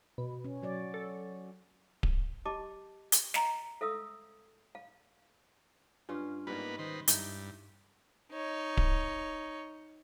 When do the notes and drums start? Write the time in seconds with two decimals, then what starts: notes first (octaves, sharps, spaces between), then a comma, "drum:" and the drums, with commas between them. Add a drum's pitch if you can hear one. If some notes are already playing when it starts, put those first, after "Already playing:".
0.18 B2
0.44 C#4
0.62 F#3 C#5 D5
0.94 A4
2.03 drum: kick D1
2.46 G4 D#5 A5 D6
3.12 drum: hi-hat
3.34 D#5 F5 A#5 C6, drum: snare
3.81 A4 E5 F5 D#6 E6
4.75 F5
6.09 G2 C#4 F4
6.47 G#2 G3 A#3 B3 B4
6.79 D#3 B4 C5
7.08 G2 D#4 E4, drum: hi-hat
8.31 D#4 C#5
8.77 drum: kick D1